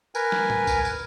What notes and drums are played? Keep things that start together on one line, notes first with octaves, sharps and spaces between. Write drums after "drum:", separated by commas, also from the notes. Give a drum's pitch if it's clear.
A#4 B4 G#5, drum: tambourine
drum: snare
drum: tom
drum: kick B1, tambourine
drum: tambourine